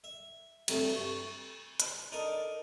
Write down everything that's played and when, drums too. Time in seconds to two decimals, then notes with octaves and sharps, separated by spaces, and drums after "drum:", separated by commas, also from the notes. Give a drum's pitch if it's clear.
0.04 E5
0.68 C2 G2 F#3 A3, drum: cymbal
0.89 C#6
1.80 B5, drum: hi-hat
2.12 D4 D#4 A4 A#4 D#5